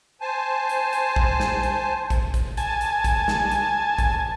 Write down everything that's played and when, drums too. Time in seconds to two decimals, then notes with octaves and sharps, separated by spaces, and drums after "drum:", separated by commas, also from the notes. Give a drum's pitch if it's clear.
0.21 C5 G#5 A5
0.69 drum: hi-hat
0.93 drum: hi-hat
1.16 drum: kick A#1
1.40 drum: snare
1.63 drum: hi-hat
2.10 drum: kick A#1, hi-hat
2.34 drum: kick A#1, hi-hat
2.57 G#5 A5, drum: hi-hat
2.81 drum: hi-hat
3.04 drum: kick A#1, hi-hat
3.28 drum: snare
3.51 drum: hi-hat
3.98 drum: kick A#1, hi-hat